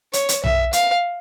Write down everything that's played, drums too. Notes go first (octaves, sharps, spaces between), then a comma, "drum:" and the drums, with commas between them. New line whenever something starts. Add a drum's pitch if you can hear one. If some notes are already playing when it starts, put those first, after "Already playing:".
C#5, drum: hi-hat
drum: hi-hat
E5, drum: tom B1
F5, drum: hi-hat